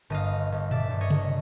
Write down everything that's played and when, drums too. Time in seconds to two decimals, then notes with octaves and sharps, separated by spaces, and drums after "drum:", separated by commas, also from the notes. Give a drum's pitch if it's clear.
0.10 G1 D#5 F5
0.32 G2
0.52 G1
0.71 G1 D5 E5, drum: tom A#2
0.90 G1
1.01 C#5 D#5
1.10 G1, drum: tom C3